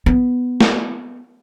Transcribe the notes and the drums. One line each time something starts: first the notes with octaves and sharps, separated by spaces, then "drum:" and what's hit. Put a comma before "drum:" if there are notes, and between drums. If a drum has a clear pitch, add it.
B3
drum: snare